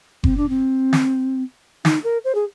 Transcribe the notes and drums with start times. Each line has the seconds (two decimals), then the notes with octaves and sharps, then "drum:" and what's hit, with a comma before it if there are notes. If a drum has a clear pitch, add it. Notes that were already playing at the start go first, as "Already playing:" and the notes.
0.24 C4, drum: kick F#1
0.37 D4
0.49 C4
0.93 drum: snare
1.85 D#4, drum: snare
2.04 A#4
2.24 C5
2.35 G#4